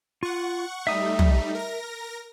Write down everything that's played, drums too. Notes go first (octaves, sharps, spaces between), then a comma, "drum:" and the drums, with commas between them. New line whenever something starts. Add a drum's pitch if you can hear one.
F4 F#5 C#6
G3 A3 D#4 E5 D#6
drum: tom
A#4 A#6